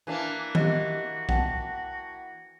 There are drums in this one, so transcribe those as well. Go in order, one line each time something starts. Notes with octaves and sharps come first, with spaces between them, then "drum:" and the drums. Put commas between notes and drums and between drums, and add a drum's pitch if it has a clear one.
E3 A#3 D4
F#4 G4 D#5, drum: tom D#3
F#5 G5 A5, drum: kick